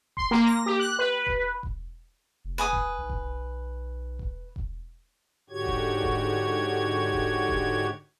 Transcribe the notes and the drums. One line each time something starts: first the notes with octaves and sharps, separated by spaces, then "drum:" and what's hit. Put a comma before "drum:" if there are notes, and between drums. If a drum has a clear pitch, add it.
C6, drum: kick E1
A#3
A#6
G4
F#6
B4
drum: kick E1
drum: kick E1
F1
B4 G#5 D#6
drum: kick E1
B1
drum: kick E1
drum: kick E1
drum: kick E1
G#2 D3 F#4 G4 C#5 G#6
drum: kick E1
drum: kick E1
drum: kick E1
drum: kick E1